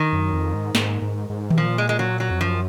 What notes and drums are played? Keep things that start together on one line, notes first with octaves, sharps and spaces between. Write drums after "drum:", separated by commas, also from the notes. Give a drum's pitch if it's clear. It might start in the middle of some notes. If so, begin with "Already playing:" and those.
Already playing: D#3
F#2
F2
G#2
G#2, drum: snare
G#2
G#2
C3, drum: tom D#3
A#2 F3
G#3
G#3
F#3
F#3
F2
F#2 F3